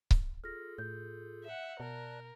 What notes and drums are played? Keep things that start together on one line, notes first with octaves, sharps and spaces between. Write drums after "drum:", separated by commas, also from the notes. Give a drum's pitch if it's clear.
D1, drum: kick C#1
F4 G#4 A4 F6 A#6
A2 G6
E5 F#5
B2 A#4 D5 A5 F#6